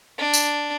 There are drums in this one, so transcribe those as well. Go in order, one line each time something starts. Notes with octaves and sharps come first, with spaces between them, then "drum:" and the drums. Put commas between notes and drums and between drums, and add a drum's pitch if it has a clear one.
D4
drum: tambourine